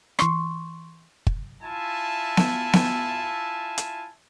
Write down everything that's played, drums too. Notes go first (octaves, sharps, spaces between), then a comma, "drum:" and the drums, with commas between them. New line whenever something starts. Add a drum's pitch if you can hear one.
E3 C6 C#6, drum: rim click
drum: kick
E4 F4 E5 G#5 A5
drum: snare B3
drum: snare B3
drum: hi-hat